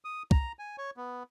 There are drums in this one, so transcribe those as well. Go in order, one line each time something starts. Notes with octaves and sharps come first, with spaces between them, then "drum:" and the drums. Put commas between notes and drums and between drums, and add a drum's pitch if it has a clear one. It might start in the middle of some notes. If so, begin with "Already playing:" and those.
D#6
A#5, drum: kick
G#5
C#5
B3